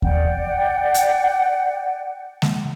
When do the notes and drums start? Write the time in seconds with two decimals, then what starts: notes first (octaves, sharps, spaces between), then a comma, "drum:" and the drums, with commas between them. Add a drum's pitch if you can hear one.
0.02 D5 F#5 G5, drum: kick D#2
0.94 drum: hi-hat
2.42 drum: snare G#3